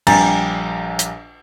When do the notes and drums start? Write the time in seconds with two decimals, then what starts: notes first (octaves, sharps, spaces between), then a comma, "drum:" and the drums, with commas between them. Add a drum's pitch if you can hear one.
0.07 A#1 G3 G4 G#5 A#5 A6, drum: cymbal
0.99 drum: hi-hat